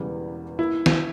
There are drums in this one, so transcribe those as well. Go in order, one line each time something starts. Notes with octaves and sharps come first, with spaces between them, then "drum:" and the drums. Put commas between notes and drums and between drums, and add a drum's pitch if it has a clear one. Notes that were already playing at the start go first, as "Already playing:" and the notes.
Already playing: E1 E2 C#3 E3 G3
A#3 E4
drum: snare